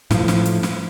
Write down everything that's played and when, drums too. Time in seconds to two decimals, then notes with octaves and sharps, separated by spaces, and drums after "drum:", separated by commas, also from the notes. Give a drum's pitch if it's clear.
0.10 A2 F3, drum: snare
0.28 drum: snare
0.46 drum: hi-hat
0.63 drum: snare